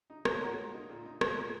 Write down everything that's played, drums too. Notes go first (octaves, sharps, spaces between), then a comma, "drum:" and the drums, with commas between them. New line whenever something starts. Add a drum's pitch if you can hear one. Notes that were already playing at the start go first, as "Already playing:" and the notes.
D#4
G#3 A#4, drum: rim click
C#5
A#2 F#4 A#4
G#3
D#4
A#2
D#4
G#3, drum: rim click
A#2